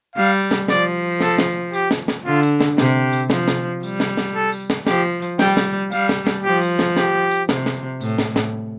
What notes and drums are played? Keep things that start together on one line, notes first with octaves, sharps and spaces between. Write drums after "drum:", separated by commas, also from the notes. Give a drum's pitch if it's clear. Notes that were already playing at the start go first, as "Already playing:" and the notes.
G3 F5
drum: tambourine
drum: snare
F3 D5, drum: snare
A4, drum: snare
drum: snare
G4, drum: tambourine
drum: snare
drum: snare
D3 F4
drum: tambourine
drum: snare
C3 G4, drum: snare
drum: tambourine
F3, drum: snare
drum: snare
G3, drum: tambourine
drum: snare
drum: snare
A4
drum: tambourine
drum: snare
F3 G4, drum: snare
drum: tambourine
G3 G5, drum: snare
drum: snare
G3 F5, drum: tambourine
drum: snare
drum: snare
F3 G4
drum: tambourine
drum: snare
G4, drum: snare
drum: tambourine
C3, drum: snare
drum: snare
A2, drum: tambourine
drum: snare
drum: snare